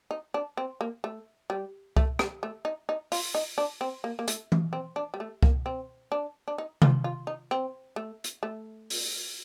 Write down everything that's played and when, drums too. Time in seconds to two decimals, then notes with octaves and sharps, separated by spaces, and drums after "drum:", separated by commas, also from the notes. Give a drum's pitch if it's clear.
0.11 D#4
0.34 D4
0.57 C4
0.81 A#3
1.04 A3
1.50 G3
1.96 A3, drum: kick C2
2.19 G3, drum: rim click
2.43 A3
2.65 D#4
2.89 D#4
3.12 F4, drum: open hi-hat
3.35 D#4
3.58 D4
3.81 C4
4.04 A#3
4.19 A#3
4.28 A3, drum: hi-hat
4.52 drum: tom E3
4.73 C4
4.96 D4
5.14 G3
5.20 A3
5.43 A#3, drum: kick C2
5.66 C4
6.12 D4
6.48 D4
6.58 D#4
6.82 F4, drum: tom C3
7.04 F4
7.27 D#4
7.51 C4
7.96 A3
8.24 drum: hi-hat
8.43 A3
8.90 drum: open hi-hat